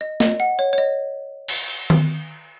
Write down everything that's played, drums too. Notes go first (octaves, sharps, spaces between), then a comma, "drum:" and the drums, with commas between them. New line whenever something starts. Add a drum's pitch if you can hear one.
D#5
D#5, drum: snare
F#5
C#5
C#5
D#5
drum: cymbal
drum: tom D#3